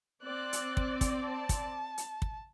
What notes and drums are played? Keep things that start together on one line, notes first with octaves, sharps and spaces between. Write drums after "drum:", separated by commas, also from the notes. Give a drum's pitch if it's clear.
C4 D5 F#6
drum: hi-hat
drum: kick
drum: kick, hi-hat
A5
drum: kick, hi-hat
drum: hi-hat
drum: kick